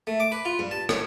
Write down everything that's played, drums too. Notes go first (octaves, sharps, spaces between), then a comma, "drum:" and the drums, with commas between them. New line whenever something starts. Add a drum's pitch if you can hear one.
A3
D6
B4
F4
G2
A5
C#5, drum: rim click